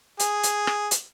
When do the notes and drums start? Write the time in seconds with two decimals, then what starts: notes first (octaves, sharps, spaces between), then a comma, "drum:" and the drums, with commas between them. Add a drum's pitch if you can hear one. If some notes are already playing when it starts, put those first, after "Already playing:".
0.20 G#4, drum: hi-hat
0.43 drum: hi-hat
0.67 drum: rim click
0.91 drum: hi-hat